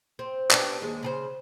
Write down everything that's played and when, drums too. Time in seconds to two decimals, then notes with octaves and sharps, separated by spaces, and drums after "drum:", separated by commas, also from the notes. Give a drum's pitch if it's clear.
0.19 C4
0.51 B3 D4 G4, drum: clap
0.81 D#2 G#3
1.03 C#3 G#4 C5